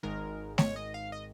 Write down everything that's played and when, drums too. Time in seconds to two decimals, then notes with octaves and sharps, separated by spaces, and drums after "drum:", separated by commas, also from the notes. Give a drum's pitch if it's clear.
0.03 G#1 G#2 D#3 G#3 A#4
0.58 C#5, drum: snare
0.76 D#5
0.94 F5
1.12 D#5